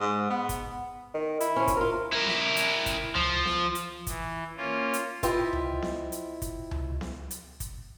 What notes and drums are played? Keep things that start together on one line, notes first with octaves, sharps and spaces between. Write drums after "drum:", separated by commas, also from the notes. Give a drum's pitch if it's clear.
G#2
B3
drum: kick, hi-hat
D#3
E4, drum: hi-hat
F3 C#4
drum: kick, hi-hat
F4 A#4
E4 A#4
drum: snare B3
drum: hi-hat
drum: kick, hi-hat
F3, drum: tom C#2
drum: snare B3
drum: hi-hat
E3, drum: kick, hi-hat
A#3 C#4 F4
drum: hi-hat
E4 F4 G4 C5 D#5 G5, drum: kick, hi-hat
drum: tom C#2
drum: snare B3
drum: hi-hat
drum: kick, hi-hat
drum: tom C#2
drum: snare B3
drum: hi-hat
drum: kick, hi-hat